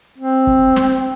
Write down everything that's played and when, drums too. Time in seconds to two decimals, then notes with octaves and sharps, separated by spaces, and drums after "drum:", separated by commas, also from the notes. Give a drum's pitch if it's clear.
0.18 C4
0.47 drum: kick
0.76 drum: snare